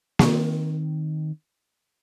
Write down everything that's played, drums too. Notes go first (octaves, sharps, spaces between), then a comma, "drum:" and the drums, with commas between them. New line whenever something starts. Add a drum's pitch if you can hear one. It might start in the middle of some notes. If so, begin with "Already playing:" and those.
D#3 C4, drum: snare A#3